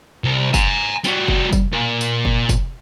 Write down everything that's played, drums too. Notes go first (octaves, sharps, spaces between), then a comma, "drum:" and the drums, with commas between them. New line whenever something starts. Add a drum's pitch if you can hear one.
C2
G#5 A#5, drum: kick F1, tambourine
G3 F#4, drum: tambourine
drum: kick F1
drum: kick F1, tambourine
A#2
drum: tambourine
drum: kick F1
drum: kick F1, tambourine